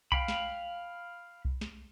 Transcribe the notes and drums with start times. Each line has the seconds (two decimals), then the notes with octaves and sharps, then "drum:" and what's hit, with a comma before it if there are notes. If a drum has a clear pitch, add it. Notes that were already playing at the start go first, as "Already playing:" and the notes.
0.12 F5 G5 B5, drum: kick B1
0.28 drum: snare
1.45 drum: kick B1
1.61 drum: snare